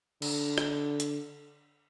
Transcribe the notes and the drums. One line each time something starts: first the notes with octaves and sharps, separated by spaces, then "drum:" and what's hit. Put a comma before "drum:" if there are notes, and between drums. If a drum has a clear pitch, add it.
D3, drum: cymbal
drum: rim click
drum: hi-hat